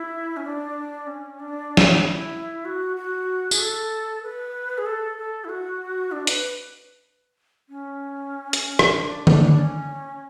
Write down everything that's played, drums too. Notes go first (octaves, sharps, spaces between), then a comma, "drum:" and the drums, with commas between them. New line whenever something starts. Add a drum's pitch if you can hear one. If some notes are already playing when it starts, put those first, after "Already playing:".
Already playing: E4
C#4
D4
C#4
D4
drum: snare
E4
F#4
F#4
G#4, drum: tambourine
A4
B4
G#4
A4
A4
E4
F#4
D4
B4, drum: hi-hat
C#4
drum: hi-hat
drum: rim click
D4
D4, drum: tom
D4
C#4